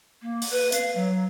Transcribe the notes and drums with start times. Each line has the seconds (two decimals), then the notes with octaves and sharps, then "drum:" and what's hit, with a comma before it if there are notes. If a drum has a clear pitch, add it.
0.22 A#3
0.42 drum: open hi-hat
0.51 B4
0.72 F5, drum: hi-hat
0.95 F#3